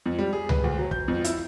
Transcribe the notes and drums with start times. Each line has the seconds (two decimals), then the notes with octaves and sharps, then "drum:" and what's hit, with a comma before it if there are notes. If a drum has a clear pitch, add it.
0.06 F2
0.18 G3
0.33 G#4
0.49 B4, drum: tom C#2
0.64 D2
0.79 F#3
0.91 G6, drum: kick
1.08 F2
1.24 E4, drum: hi-hat